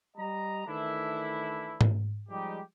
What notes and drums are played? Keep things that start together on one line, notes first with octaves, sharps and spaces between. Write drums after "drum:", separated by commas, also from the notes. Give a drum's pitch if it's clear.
G3 D#5 A#5
D#3 E3 A3 D4 E4
drum: tom G#2
F3 G3 G#3 D#4 G4